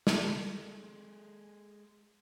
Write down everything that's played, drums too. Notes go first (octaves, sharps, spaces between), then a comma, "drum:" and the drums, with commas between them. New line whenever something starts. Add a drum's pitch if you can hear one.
drum: snare
G#3 A4